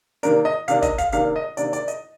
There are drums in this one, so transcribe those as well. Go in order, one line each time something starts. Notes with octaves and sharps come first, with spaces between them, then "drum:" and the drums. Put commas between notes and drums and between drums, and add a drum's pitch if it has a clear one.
C3 D#3 A#3 D4 A#4, drum: hi-hat
D#5
C3 D#3 A#3 D4 F5, drum: hi-hat
D#5, drum: kick, hi-hat
F5, drum: kick, hi-hat
C3 D#3 A#3 D4 F5, drum: hi-hat
D#5
C3 D#3 A#3 D4 D5, drum: hi-hat
D5, drum: hi-hat
D#5, drum: hi-hat